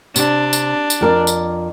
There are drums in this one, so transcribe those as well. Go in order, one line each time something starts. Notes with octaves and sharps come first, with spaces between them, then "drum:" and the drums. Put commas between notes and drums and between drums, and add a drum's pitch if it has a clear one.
C3 D4, drum: tambourine
drum: tambourine
drum: tambourine
F2 A#4 D5
drum: tambourine